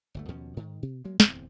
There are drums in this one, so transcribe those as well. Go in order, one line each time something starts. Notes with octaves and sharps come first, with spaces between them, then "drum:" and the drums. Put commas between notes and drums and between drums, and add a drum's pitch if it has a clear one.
G1 D2 A3
D#2 B2 F3 C#4
G#2 D#3
B2
F#3 G#3 A#3
D1 E2 C4, drum: snare